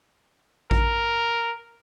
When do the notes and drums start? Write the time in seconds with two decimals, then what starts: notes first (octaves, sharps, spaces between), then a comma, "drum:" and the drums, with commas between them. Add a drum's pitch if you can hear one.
0.71 A#4, drum: kick A1